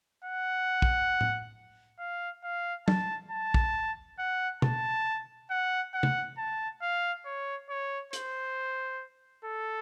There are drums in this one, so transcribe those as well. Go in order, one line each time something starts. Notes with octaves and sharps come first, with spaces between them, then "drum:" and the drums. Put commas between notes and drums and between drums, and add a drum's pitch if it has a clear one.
F#5
drum: kick
drum: tom A2
F5
F5
A5, drum: tom
A5
drum: kick
F#5
A5, drum: tom B2
F#5
F#5
drum: tom
A5
F5
C#5
C#5
C5, drum: hi-hat
A4